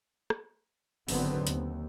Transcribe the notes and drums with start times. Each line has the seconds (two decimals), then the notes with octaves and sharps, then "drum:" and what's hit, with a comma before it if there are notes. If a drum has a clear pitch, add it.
0.30 drum: rim click
1.08 G#1 D3 F#3 B3 C4, drum: open hi-hat
1.47 D#2, drum: hi-hat